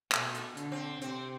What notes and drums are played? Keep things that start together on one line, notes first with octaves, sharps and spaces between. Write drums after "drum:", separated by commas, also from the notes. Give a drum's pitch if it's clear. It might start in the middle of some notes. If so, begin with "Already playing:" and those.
B2 A3, drum: clap
drum: hi-hat
D3, drum: hi-hat
C4
C3 C4, drum: hi-hat